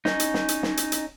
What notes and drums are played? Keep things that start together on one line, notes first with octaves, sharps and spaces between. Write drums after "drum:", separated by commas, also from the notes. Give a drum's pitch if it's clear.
C#4 D#4, drum: snare
drum: hi-hat
drum: snare
drum: hi-hat
drum: snare
drum: hi-hat
drum: hi-hat